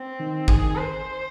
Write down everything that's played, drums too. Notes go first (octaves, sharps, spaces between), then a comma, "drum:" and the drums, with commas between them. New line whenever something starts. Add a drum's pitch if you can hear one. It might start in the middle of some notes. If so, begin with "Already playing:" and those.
Already playing: C4
D#3
G#4, drum: kick
C5